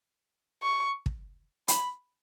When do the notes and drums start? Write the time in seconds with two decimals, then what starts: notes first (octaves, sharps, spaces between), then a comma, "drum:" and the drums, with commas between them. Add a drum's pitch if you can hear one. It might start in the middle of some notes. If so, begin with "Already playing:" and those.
0.62 C#6
1.06 drum: kick
1.68 B5, drum: hi-hat